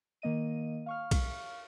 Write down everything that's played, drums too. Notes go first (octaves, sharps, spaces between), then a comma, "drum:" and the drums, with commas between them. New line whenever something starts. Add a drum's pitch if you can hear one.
D#3 A#3 D#5 D#7
F5 C#6 F6
drum: kick B1, cymbal